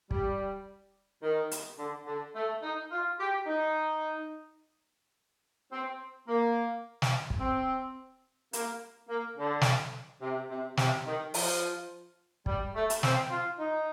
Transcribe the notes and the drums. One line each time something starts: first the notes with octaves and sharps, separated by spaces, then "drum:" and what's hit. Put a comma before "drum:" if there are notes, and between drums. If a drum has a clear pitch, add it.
G3, drum: kick
D#3
drum: hi-hat
D3
D3
A3
D#4
F4
G4
D#4
C4
A#3
drum: snare
drum: kick
C4
A#3, drum: hi-hat
A#3
D3
drum: snare
C3
C3
C3, drum: snare
D#3
F3, drum: open hi-hat
G3, drum: kick
A3
drum: hi-hat
C4, drum: snare
F4
D#4